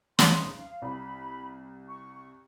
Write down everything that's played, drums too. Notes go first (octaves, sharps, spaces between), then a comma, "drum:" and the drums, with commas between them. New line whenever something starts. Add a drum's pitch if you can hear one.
D#4 B5 C6, drum: snare
F5
C2 B5
C#6